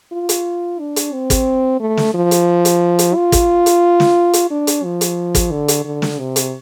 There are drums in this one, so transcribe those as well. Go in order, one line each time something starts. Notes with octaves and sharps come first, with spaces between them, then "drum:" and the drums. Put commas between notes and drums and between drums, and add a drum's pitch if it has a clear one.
F4
drum: hi-hat
D4
drum: hi-hat
C4
drum: kick, hi-hat
A3
drum: snare
F3
drum: hi-hat
drum: hi-hat
drum: hi-hat
F4
drum: kick, hi-hat
drum: hi-hat
drum: snare
drum: hi-hat
D4
drum: hi-hat
F3
drum: hi-hat
drum: kick, hi-hat
D3
drum: hi-hat
D3
drum: snare
C3
drum: hi-hat